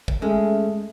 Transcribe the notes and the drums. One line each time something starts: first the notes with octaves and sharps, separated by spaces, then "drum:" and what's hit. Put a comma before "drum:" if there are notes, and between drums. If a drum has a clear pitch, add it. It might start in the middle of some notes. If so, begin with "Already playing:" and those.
drum: kick
G#3 A3 C#4 G#4 A4 E5